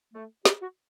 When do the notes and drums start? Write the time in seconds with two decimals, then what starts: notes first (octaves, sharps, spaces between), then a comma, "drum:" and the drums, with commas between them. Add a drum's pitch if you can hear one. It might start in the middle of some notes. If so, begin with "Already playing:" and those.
0.14 A3
0.45 G4, drum: snare
0.62 F#4